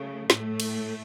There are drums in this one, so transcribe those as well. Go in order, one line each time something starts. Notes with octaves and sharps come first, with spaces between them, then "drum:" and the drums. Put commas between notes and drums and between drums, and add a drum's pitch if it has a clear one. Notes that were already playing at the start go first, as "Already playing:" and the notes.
Already playing: C#3 F#3 A3
A2 A3, drum: snare
drum: cymbal